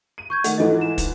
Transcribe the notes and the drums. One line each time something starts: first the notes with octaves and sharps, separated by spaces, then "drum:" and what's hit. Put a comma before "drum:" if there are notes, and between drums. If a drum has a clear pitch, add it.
D#7
C#6 G6 G#6
D#3 A3 F#5, drum: hi-hat
G#2 E3 F3 A4 D#5
E4 E7
drum: kick, hi-hat